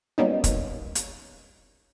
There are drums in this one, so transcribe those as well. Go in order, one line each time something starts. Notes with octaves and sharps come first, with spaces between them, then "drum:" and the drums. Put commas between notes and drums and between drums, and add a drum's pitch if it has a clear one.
F#3 G3 A#3 B3 C#4 D#4
drum: kick, hi-hat
drum: hi-hat